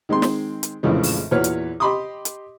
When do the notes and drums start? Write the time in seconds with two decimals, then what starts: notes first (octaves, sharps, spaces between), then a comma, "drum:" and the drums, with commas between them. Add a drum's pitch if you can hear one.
0.09 D#3 G#3 C4 C6
0.22 drum: snare
0.63 drum: hi-hat
0.83 A#1 F2 A2 C#3 E3 G#3
1.03 drum: open hi-hat
1.31 E2 A#2 F#4 B4 C#5 F6
1.44 drum: hi-hat
1.80 G4 D#5 B5 C6 D6 D#6
2.25 drum: hi-hat